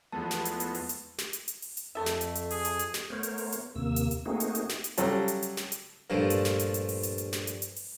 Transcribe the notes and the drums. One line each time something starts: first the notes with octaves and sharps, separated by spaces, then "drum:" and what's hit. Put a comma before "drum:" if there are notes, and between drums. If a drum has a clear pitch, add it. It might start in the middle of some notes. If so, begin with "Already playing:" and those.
E2 F3 G#3 A3 B3 A5
drum: snare
drum: hi-hat
drum: hi-hat
drum: open hi-hat
drum: hi-hat
drum: snare
drum: hi-hat
drum: hi-hat
drum: open hi-hat
drum: hi-hat
F2 A3 A4 E5
drum: snare
drum: hi-hat
drum: hi-hat
G#4, drum: open hi-hat
drum: hi-hat
drum: hi-hat
drum: snare
A3 B3 A#4 C5 C#5
drum: hi-hat
drum: open hi-hat
drum: hi-hat
D#2 C3 A#3 E6
drum: hi-hat
drum: hi-hat
A3 A#3 C4 D#4 F#4 G#4
drum: hi-hat
drum: hi-hat
drum: snare
drum: hi-hat
C#3 F#3 G3 A4, drum: hi-hat
drum: hi-hat
drum: hi-hat
drum: snare
drum: hi-hat
G2 A#2 F3 A3
drum: hi-hat
drum: snare
drum: hi-hat
drum: hi-hat
drum: open hi-hat
drum: hi-hat
drum: hi-hat
drum: snare
drum: hi-hat
drum: hi-hat
drum: open hi-hat